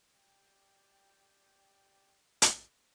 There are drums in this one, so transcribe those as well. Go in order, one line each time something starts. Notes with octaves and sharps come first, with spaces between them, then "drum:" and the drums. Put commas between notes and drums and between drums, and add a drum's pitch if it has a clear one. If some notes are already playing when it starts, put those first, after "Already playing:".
G4 D5 G5
drum: hi-hat